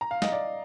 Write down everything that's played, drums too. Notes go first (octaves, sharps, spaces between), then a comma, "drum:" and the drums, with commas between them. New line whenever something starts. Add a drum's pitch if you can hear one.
A#5
F5
D#5, drum: snare
D5